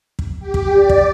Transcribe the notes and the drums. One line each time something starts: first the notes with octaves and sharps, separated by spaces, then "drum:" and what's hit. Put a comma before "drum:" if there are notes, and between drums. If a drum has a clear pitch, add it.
drum: kick
G4
drum: kick
D5
drum: kick